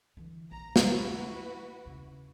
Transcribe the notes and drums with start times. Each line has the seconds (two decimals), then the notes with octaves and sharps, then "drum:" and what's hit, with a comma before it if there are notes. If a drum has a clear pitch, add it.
0.17 D3 E3
0.51 A#1 A#5
0.76 drum: snare
0.86 D#2 E4 F#4 B4
1.85 D#2 C#3